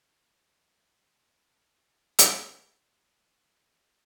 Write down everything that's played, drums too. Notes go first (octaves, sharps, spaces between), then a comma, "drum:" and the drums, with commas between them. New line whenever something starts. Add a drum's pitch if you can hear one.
G#5
G#5
G#5
F#5
D#5
A5
A5
A5
A5
F#5
G#5
drum: hi-hat